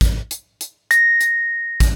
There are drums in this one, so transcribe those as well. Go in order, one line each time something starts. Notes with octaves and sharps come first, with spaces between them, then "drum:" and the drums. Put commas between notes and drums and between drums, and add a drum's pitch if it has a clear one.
drum: kick, hi-hat
drum: hi-hat
drum: hi-hat
A#6, drum: hi-hat
drum: hi-hat
drum: kick, hi-hat